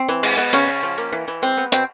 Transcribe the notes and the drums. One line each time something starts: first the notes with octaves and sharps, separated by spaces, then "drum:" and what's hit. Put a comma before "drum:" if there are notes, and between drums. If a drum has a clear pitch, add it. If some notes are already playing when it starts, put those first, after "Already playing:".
Already playing: C4
E3
G#3, drum: cymbal
B3
C#3 C#4, drum: hi-hat
C#3
F3
A#3
E3
E3
G#3 C4
B3
B2 C4, drum: hi-hat